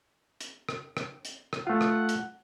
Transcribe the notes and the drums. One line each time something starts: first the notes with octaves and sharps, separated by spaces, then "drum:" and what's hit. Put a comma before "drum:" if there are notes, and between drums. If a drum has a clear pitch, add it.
drum: hi-hat
drum: rim click
drum: rim click
drum: hi-hat
drum: rim click
A3 F4 F#5
drum: rim click
drum: hi-hat